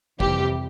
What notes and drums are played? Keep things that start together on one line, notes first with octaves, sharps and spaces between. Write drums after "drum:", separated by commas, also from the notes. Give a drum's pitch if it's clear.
F2 C3 E3 G3 G4, drum: kick